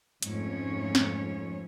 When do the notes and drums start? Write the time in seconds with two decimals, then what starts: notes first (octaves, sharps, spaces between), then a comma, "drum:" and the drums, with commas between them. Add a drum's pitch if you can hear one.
0.23 F2 G#2 F3 A3 C#4 C#5, drum: hi-hat
0.95 drum: snare